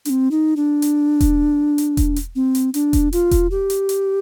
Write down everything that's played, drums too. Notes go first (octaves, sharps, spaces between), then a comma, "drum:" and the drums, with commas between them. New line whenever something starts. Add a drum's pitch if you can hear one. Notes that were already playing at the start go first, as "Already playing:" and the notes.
D4, drum: hi-hat
C4
D#4
D4
drum: hi-hat
drum: kick E1, hi-hat
drum: hi-hat
drum: kick E1, hi-hat
drum: hi-hat
C4
drum: hi-hat
D4, drum: hi-hat
drum: kick E1, hi-hat
F4, drum: hi-hat
drum: kick E1, hi-hat
G4
drum: hi-hat
drum: hi-hat